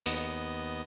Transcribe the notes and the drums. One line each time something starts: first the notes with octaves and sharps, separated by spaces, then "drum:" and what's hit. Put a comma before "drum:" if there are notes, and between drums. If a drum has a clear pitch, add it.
D#2 B3 D#5, drum: hi-hat